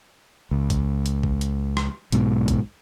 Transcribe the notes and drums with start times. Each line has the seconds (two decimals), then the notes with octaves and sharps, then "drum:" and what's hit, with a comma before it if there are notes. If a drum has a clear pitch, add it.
0.51 C#2
0.70 drum: kick A1, hi-hat
1.06 drum: hi-hat
1.23 drum: kick A1
1.41 drum: hi-hat
1.77 drum: rim click
2.12 B1 G#2 B2, drum: hi-hat
2.48 drum: kick A1, hi-hat